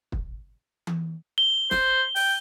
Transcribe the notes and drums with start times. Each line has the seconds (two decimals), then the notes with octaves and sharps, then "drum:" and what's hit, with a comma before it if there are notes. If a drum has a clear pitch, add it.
0.12 drum: kick
0.87 drum: tom E3
1.38 G7
1.71 C5, drum: snare
2.15 G5, drum: open hi-hat